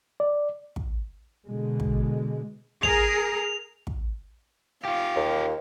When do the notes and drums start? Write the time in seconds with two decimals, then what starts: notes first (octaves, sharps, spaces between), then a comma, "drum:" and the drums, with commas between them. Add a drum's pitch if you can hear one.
0.20 D5
0.76 drum: kick
1.45 B2 D3 G#3
1.80 drum: kick
2.83 G#4 A#4 F7, drum: kick
3.87 drum: kick
4.85 F4 G4 F5
5.16 D#2